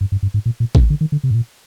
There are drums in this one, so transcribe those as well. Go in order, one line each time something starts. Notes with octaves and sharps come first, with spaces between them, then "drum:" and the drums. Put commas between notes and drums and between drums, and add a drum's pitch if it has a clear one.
G2
G2
G2
G#2
A#2
A#2
C3, drum: kick A1
D3
D#3
D3
C3
G#2
A#2